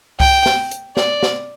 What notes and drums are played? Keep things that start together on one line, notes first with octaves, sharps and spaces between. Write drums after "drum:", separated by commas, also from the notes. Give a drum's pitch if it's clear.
G5, drum: kick C2, open hi-hat
drum: snare
drum: hi-hat
D5, drum: snare
drum: snare